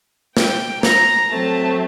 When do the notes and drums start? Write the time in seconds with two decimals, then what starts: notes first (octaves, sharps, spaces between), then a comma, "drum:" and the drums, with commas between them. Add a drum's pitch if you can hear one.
0.37 G5, drum: snare
0.83 A#5, drum: snare
1.30 F#3 A3 C4 A5